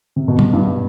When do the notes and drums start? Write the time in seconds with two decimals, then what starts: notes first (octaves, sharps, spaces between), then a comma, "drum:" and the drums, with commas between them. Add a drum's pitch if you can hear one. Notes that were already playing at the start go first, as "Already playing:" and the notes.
0.16 C3
0.28 B2
0.39 drum: tom
0.53 G2